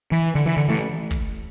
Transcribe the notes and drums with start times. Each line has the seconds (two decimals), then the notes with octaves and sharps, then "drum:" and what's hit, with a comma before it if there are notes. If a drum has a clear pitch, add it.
0.12 E3
0.35 D3
0.46 E3
0.57 D3
0.69 E3 A3
1.11 drum: kick, open hi-hat